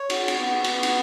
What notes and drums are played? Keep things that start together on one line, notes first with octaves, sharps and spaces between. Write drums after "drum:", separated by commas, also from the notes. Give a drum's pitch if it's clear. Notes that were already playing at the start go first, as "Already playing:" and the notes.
Already playing: C#5
F#4, drum: cymbal
drum: cymbal
B3
B3, drum: cymbal
drum: cymbal